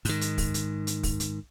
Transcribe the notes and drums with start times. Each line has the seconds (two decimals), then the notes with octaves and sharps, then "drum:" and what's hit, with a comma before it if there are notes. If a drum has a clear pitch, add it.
0.05 G#2 D#3, drum: open hi-hat
0.21 drum: hi-hat
0.38 drum: kick, open hi-hat
0.54 drum: hi-hat
0.87 drum: hi-hat
1.03 drum: kick, open hi-hat
1.20 drum: hi-hat